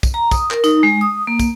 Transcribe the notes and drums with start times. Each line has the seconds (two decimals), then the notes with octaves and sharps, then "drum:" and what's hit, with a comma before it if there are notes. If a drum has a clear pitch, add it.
0.03 drum: kick, tambourine
0.14 A#5
0.31 D#6, drum: kick, tambourine
0.51 A#4, drum: clap
0.64 D#4, drum: tambourine
0.83 G#3
1.01 D#6
1.27 A#3
1.39 drum: kick, tambourine